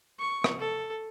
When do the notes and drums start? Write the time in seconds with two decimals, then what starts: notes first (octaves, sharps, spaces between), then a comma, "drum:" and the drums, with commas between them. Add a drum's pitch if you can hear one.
0.20 C#6
0.44 drum: rim click
0.59 A4